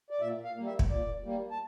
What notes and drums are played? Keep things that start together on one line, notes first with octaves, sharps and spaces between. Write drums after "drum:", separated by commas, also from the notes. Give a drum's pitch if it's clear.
D5
A#2 E5
F5
A#3
G3
E5
drum: kick
A#2 D5
G3 A#3
A5